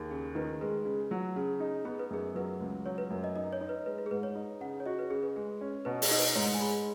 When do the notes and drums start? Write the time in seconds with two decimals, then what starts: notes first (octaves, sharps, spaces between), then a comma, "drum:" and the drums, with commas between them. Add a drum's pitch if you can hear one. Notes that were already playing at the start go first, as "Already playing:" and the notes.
Already playing: D#2 G#4
0.11 C#3 G#4
0.35 D#3 B4
0.61 G#3 B4
0.85 C#3
1.11 F#3
1.36 C#3
1.60 D#4
1.85 B3 G#4
1.99 B4
2.10 F#2 G#4
2.35 F#3 B4
2.60 C#2
2.86 F#3 C#5
2.98 B4
3.10 F#2
3.24 D#5
3.36 D#4 D#5
3.53 C#5
3.61 D#4
3.69 B4
3.86 G#3 B4
3.98 B4
4.06 G#4
4.11 G#2 B4
4.23 C#5
4.35 D#4
4.61 C#3 F#5
4.80 C#5
4.86 F#4 D#5
4.99 B4
5.10 C#3 G#4
5.23 B4
5.36 G#3 G#4
5.61 C#4
5.85 B2 B4
6.02 G#4, drum: open hi-hat
6.11 D#4
6.19 B4
6.35 G#2 C#5
6.54 G#5
6.60 G#3 B5